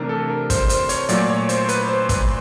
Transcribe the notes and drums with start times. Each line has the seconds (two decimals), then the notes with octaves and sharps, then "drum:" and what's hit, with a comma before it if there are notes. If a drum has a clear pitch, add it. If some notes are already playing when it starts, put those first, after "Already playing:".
Already playing: C3 E3 A3 D4 A#4
0.09 A4
0.30 A#4
0.50 C5, drum: kick, hi-hat
0.69 C5, drum: hi-hat
0.89 C#5, drum: hi-hat
1.09 A#2 F#3 A3 D5, drum: hi-hat
1.29 C#5
1.49 C5, drum: hi-hat
1.69 B4, drum: hi-hat
1.89 C5
2.09 B4, drum: kick, hi-hat